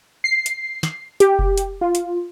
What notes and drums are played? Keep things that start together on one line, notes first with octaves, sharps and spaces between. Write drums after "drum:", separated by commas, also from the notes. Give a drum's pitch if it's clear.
C7
drum: hi-hat
drum: snare
G4, drum: hi-hat
drum: kick F1
drum: hi-hat
F4
drum: hi-hat